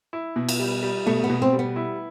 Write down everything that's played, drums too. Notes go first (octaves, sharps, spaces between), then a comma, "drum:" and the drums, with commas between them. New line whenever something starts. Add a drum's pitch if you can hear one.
E4
B2
drum: cymbal
G3
G3
B2 A3
B3
B2
C4
G3
B3
E4